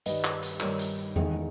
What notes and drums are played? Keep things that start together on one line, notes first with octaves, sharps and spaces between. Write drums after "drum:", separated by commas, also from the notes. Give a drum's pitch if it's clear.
G2 D#3 G3 B4 D#5, drum: hi-hat
drum: clap
drum: hi-hat
G2 D#3 G3 A#4 C#5, drum: clap
drum: hi-hat
E2 D#3 G#3 D#4, drum: tom E2